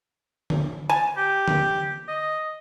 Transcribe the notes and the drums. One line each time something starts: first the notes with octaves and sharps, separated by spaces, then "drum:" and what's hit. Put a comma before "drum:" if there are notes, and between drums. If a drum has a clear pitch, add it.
drum: tom D3
G#5 A5
G4
drum: tom D3
D#5